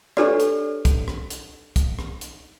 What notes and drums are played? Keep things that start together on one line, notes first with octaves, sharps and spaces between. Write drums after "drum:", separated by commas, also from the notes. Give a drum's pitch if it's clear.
D4 G4 A4 B4 C#5 D5, drum: rim click
drum: hi-hat
drum: kick, hi-hat
drum: rim click
drum: hi-hat
drum: kick, hi-hat
drum: rim click
drum: hi-hat